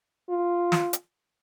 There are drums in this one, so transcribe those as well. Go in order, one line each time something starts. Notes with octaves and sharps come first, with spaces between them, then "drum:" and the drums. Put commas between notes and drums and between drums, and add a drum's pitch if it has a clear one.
F4
drum: snare
drum: hi-hat